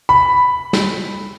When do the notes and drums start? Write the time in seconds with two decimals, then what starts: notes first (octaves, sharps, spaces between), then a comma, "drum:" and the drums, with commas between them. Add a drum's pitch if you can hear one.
0.09 B5
0.73 drum: snare